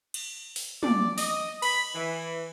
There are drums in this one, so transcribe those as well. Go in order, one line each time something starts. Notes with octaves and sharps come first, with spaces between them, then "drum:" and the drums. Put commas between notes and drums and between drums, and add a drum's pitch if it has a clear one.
drum: cymbal
drum: open hi-hat
D5, drum: tom
D#5, drum: open hi-hat
B5, drum: cymbal
E3